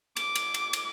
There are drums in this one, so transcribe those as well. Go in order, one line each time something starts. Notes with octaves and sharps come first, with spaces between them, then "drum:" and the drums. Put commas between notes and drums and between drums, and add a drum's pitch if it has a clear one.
D6, drum: cymbal
drum: cymbal
drum: cymbal
drum: cymbal